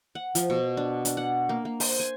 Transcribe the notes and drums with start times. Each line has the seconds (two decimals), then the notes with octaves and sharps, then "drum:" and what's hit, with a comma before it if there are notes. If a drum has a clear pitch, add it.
0.15 F#5
0.35 F3, drum: hi-hat
0.50 B2
0.77 D4
1.05 D4, drum: hi-hat
1.17 F#5
1.49 A#3
1.65 A#3
1.80 C5, drum: open hi-hat
2.00 G#5